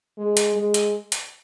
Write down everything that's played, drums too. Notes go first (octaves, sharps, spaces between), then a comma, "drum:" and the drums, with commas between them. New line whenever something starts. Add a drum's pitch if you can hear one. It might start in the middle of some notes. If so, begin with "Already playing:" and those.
G#3
drum: hi-hat
G#3
drum: hi-hat
drum: hi-hat